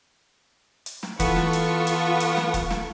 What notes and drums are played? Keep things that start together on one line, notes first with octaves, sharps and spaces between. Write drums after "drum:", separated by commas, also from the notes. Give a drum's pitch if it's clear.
drum: hi-hat
drum: snare
E3 B3 F4 A4 F5 C#6, drum: kick E1, hi-hat
drum: snare
drum: hi-hat
drum: hi-hat
drum: hi-hat
drum: snare
drum: kick E1, hi-hat
drum: snare